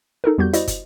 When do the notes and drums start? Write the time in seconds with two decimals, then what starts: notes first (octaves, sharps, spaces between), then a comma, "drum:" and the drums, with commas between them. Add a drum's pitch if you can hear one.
0.24 D#4 A4 A#4
0.38 F2 G3 B3 F#4 G4 G6
0.53 E4 F#4 C5 D5 D#5, drum: hi-hat
0.67 drum: kick, hi-hat